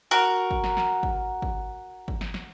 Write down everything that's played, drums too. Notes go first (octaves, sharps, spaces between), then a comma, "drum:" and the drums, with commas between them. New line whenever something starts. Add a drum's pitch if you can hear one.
F#4 A#4
drum: kick
drum: snare
drum: snare
drum: kick
drum: kick
drum: kick
drum: snare
drum: snare